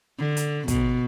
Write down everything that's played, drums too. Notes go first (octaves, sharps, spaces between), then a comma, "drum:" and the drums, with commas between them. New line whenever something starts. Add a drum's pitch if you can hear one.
D3
drum: hi-hat
B2, drum: kick, hi-hat